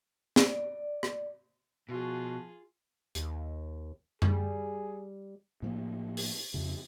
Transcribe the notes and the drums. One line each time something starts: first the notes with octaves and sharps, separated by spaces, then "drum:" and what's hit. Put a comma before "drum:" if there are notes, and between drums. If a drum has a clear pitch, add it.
D5, drum: snare
drum: rim click
B2 F3 F4 F#4 G#4
D#2, drum: hi-hat
G3 G#4, drum: tom F#2
A2 F3 A#3
drum: open hi-hat
F2 C#3